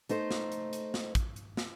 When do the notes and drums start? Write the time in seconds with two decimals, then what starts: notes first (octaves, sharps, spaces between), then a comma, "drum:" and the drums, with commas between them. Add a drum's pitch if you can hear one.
0.09 A3 D#4 C5, drum: hi-hat
0.31 drum: snare
0.52 drum: hi-hat
0.73 drum: hi-hat
0.94 drum: snare
1.15 drum: kick, hi-hat
1.36 drum: hi-hat
1.57 drum: snare